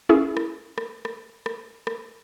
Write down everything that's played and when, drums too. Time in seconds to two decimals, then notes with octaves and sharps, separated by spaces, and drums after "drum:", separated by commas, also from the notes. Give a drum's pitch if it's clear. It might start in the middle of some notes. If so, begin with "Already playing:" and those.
0.09 C#4 E4 G#4
0.37 drum: rim click
0.78 drum: rim click
1.05 drum: rim click
1.46 drum: rim click
1.87 drum: rim click